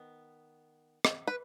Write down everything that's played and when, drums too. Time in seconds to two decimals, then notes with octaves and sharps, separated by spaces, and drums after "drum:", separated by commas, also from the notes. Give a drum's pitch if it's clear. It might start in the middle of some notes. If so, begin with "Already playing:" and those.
Already playing: D#3 B3
1.05 drum: rim click
1.27 B4